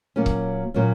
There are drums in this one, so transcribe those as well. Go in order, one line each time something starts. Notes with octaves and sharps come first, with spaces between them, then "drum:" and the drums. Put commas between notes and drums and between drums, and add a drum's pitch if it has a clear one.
A#2 F#3 A#3 C#4
drum: kick C#1
A#2 F#3 A#3 C#4